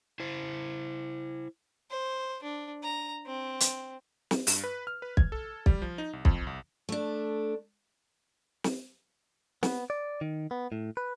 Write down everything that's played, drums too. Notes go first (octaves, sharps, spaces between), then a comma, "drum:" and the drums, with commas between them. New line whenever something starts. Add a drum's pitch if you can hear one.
E4 C5
C5
D4
A#5
C4
drum: hi-hat
drum: snare
G2, drum: open hi-hat
B4
F6
B4
G#6, drum: kick
A4
G3, drum: kick
F3
D#4
C2
F2, drum: kick
C2
A3 D4
drum: snare
B3, drum: snare
D5
D#3
B3
A2
B4